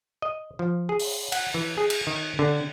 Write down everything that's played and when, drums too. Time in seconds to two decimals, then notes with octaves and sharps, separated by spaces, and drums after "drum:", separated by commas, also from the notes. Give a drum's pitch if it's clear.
0.22 D#5
0.59 F3
0.89 G#4
1.00 drum: open hi-hat
1.32 F#5, drum: cymbal
1.54 E3
1.78 G#4
1.90 drum: cymbal
2.07 D#3
2.39 D3